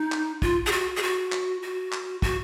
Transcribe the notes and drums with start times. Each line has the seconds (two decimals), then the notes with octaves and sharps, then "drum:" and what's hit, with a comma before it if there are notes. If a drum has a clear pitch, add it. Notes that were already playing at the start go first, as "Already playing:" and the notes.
Already playing: D#4
0.12 drum: clap
0.42 F4, drum: kick
0.66 G#4
0.72 F#4
0.97 G#4
1.02 F#4
1.32 drum: clap
1.62 F#4
1.92 drum: clap
2.22 F#4, drum: kick